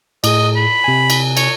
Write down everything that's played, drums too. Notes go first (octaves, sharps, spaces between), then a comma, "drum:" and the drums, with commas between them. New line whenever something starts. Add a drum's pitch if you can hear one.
A2 G#4 D#5, drum: cymbal
B5
C3 G#5
drum: cymbal
C#5, drum: cymbal